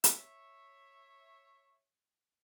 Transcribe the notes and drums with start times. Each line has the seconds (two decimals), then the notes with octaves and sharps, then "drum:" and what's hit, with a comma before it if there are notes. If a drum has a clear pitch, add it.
0.04 C#5 E5, drum: hi-hat